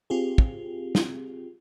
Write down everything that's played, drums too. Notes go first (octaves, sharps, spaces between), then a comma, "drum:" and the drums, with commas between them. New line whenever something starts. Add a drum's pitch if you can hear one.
C4 F4 G4 G#4
drum: kick
drum: snare